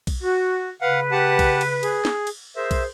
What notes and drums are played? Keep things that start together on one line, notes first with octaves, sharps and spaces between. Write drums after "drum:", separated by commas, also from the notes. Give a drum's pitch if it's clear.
drum: kick B1, cymbal
F#4
C#3 B4 F5 F#5
G4 F#5 A5
drum: kick B1, cymbal
drum: cymbal
G#4, drum: cymbal
drum: snare
drum: cymbal
G#4 A#4 C5 E5
drum: kick B1, cymbal